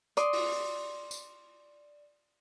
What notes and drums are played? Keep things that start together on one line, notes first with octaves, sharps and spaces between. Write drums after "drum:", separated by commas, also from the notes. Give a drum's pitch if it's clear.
D5 C6 D#6, drum: hi-hat
drum: open hi-hat
drum: tambourine